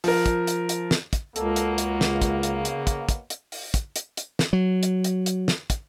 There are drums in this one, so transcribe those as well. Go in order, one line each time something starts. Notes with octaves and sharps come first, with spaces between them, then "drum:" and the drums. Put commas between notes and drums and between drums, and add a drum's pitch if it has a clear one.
F3 A#4, drum: open hi-hat
drum: kick, hi-hat
drum: hi-hat
drum: hi-hat
drum: snare
drum: kick, hi-hat
C#2 B2 F#3 A#3 A4, drum: hi-hat
drum: hi-hat
drum: hi-hat
C#3, drum: snare
drum: kick, hi-hat
drum: hi-hat
drum: hi-hat
drum: kick, hi-hat
drum: kick, hi-hat
drum: hi-hat
drum: open hi-hat
drum: kick, hi-hat
drum: hi-hat
drum: hi-hat
drum: snare
F#3
drum: hi-hat
drum: hi-hat
drum: hi-hat
drum: snare
drum: kick, hi-hat